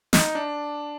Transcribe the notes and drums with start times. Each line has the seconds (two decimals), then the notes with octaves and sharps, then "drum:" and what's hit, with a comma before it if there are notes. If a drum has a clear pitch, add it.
0.13 D#4, drum: snare
0.35 D4